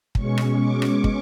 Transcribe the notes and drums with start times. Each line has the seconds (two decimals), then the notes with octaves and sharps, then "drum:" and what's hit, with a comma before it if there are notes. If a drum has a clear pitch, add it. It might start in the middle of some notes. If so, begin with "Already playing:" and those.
0.15 B2 G#3 C#4 C#6, drum: kick
0.38 drum: rim click
0.59 D6
0.82 drum: rim click
1.04 drum: kick